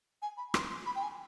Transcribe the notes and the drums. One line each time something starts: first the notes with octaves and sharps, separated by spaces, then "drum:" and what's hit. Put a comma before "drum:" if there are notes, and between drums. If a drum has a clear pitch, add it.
G#5
B5
C6, drum: rim click
C6
B5
G5
G#5